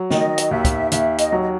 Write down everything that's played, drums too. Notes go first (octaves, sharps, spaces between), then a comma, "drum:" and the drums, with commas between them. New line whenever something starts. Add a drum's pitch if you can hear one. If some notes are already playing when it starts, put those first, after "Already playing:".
Already playing: F#3
D#3 D#5, drum: snare
drum: hi-hat
D#2 E5
drum: kick, hi-hat
D#2 E5, drum: hi-hat
D#5, drum: hi-hat
F#3
D#5